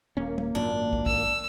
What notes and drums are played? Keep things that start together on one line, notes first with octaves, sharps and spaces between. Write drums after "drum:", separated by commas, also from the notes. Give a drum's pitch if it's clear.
D#1 A#3 C#4
drum: tom
G#1 F#2 A#2 D4
drum: kick
E6, drum: kick